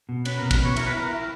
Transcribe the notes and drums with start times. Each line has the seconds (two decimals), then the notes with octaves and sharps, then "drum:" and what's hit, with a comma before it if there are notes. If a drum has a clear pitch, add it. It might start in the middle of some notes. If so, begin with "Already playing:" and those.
0.09 B2
0.25 C#4 B4, drum: cymbal
0.39 B2 A#4
0.51 B4, drum: kick, cymbal
0.60 B2 C#5
0.76 E4 A#4, drum: cymbal
0.87 B4
0.93 E4 A#4
1.10 E4